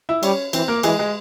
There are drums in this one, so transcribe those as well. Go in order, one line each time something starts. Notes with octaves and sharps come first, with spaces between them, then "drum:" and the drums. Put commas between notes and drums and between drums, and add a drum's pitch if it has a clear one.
E4 E5
G3 C#4 C#5, drum: cymbal
E3 C4 C5, drum: cymbal
A#3 A#4
E3 G#3 G#4, drum: cymbal
G#3 G#4